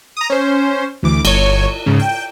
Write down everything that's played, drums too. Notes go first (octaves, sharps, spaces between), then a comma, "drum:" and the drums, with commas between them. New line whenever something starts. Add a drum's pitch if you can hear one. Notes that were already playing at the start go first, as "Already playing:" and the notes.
A#5 D#6
C#4 C5
D2 E3 D6
G1 C#5, drum: cymbal
C#2 G#2 C#3
G5